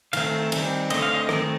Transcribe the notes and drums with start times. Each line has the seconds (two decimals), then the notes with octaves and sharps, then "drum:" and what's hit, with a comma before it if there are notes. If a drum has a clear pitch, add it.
0.13 D#3 A3 C4 F5, drum: cymbal
0.52 D#3 G3 C4, drum: cymbal
0.90 D3 A3 C4 D#5, drum: cymbal
1.02 F5
1.14 D#5
1.29 D#3 A3 C4, drum: rim click